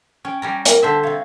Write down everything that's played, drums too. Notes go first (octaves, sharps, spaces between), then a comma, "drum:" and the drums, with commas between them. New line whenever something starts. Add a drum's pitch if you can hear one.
C#4 G5
G3 C#4 G5 A#5
A#4, drum: hi-hat
D3 C5 E5 A5
C3 C#5 F5